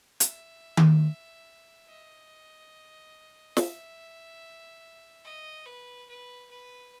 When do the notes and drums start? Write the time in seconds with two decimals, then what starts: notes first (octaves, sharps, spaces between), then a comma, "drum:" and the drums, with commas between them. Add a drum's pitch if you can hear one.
0.20 E5, drum: hi-hat
0.77 drum: tom D#3
1.88 D#5
3.57 E5, drum: snare
5.24 D#5
5.66 B4
6.09 B4
6.50 B4